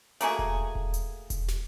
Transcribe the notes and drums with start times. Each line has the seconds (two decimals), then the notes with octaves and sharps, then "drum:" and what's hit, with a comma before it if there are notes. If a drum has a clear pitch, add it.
0.21 A3 A#3 F#4 G#4, drum: hi-hat
0.39 drum: kick E1
0.75 drum: kick E1
0.94 drum: hi-hat
1.30 drum: kick E1, hi-hat
1.48 drum: snare